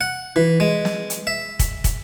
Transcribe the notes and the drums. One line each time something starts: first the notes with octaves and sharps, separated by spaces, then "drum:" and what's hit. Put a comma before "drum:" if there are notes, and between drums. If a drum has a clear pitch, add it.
F#5
E3
G#3
drum: snare
drum: hi-hat
E5
drum: kick, hi-hat
drum: kick, hi-hat